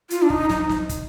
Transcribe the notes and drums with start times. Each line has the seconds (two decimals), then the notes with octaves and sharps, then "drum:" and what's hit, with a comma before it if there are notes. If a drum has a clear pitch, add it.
0.10 F4, drum: hi-hat
0.22 D4
0.30 D#4, drum: kick
0.50 D#4, drum: snare
0.69 drum: snare
0.89 drum: kick, hi-hat